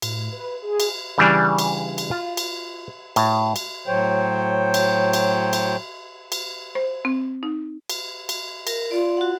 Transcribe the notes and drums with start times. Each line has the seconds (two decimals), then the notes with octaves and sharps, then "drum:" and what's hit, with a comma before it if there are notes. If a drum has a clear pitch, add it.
0.02 A2, drum: cymbal
0.32 B4
0.62 G#4
0.80 drum: cymbal
1.18 C#3 E3 G3 D4
1.58 drum: cymbal
1.98 drum: cymbal
2.11 F4
2.37 drum: cymbal
3.16 A2, drum: cymbal
3.56 drum: cymbal
3.87 A2 F#3 C5 C#5 G5
4.74 drum: cymbal
5.13 drum: cymbal
5.53 drum: cymbal
6.32 drum: cymbal
6.75 C5
7.05 C4
7.43 D#4
7.90 drum: cymbal
8.29 drum: cymbal
8.67 A#4, drum: cymbal
8.91 F4 D5
9.17 F#4 F#5